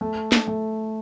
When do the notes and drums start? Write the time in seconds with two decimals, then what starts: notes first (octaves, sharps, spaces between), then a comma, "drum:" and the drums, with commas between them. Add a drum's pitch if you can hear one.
0.01 A3
0.32 drum: snare
0.48 A3